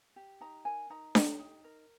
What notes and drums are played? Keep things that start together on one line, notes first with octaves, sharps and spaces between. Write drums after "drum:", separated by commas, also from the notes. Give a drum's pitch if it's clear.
G4
D#4 A#5
A#4 G#5
D#4 A#5
G4, drum: snare D4
D#4
A#4